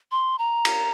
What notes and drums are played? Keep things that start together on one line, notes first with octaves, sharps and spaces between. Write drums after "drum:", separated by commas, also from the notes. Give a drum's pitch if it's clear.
C6
A#5
drum: cymbal